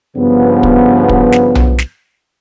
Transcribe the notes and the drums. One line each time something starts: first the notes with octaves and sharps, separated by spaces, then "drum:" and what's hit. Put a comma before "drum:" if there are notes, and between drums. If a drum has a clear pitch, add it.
G2 C#3 F3 B3
drum: kick
drum: kick
drum: snare
drum: tom B1
drum: snare